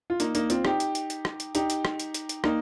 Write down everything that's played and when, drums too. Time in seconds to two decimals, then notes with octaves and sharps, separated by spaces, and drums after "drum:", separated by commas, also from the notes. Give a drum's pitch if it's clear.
0.10 F4
0.20 A#3 D#4, drum: hi-hat
0.35 A#3 D#4, drum: hi-hat
0.50 C4 F4, drum: hi-hat
0.65 D#4 G4, drum: rim click
0.80 drum: hi-hat
0.95 drum: hi-hat
1.10 drum: hi-hat
1.25 drum: rim click
1.40 drum: hi-hat
1.55 D#4 G4, drum: hi-hat
1.70 drum: hi-hat
1.85 drum: rim click
2.00 drum: hi-hat
2.14 drum: hi-hat
2.29 drum: hi-hat
2.44 A#3 D#4, drum: rim click